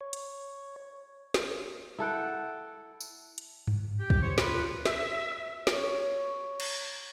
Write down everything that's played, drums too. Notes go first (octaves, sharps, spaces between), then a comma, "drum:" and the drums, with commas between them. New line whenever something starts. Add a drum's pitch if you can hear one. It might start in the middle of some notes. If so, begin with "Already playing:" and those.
C#5
drum: hi-hat
drum: snare
E4 A4 F#5 G5
drum: tambourine
drum: hi-hat
drum: tom G2
G4
drum: kick
C5 C#5
F4 B4, drum: snare
E5, drum: snare
C#5, drum: snare
drum: cymbal